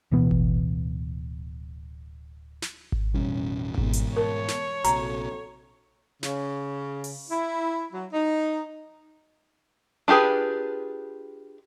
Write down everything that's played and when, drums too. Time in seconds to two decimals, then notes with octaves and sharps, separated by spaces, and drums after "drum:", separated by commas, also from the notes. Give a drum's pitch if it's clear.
0.11 D1 B2 E3 B3
0.31 drum: kick G#1
2.62 drum: snare
2.92 drum: kick G#1
3.14 A1 F2 B2 G3 C#4
3.78 G#2 B2 E3 G#3 B3, drum: kick G#1
3.93 drum: hi-hat
4.16 A#4 C#5 A5
4.48 drum: snare
4.84 A#1 C3 F#4 A4 A#5, drum: hi-hat
6.23 C#3, drum: snare
7.04 drum: open hi-hat
7.30 E4
7.93 F#3
8.13 D#4
10.08 D4 F4 G4 G#4 B4